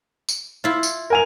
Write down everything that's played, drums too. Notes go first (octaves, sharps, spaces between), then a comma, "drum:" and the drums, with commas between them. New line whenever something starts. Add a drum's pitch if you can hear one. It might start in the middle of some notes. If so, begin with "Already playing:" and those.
drum: tambourine
E4 F4
drum: tambourine
A#4 G#5 F7